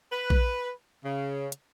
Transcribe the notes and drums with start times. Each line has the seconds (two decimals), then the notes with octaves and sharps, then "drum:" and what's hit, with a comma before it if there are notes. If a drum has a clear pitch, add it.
0.12 B4
0.30 drum: kick A#1
1.05 C#3
1.52 drum: hi-hat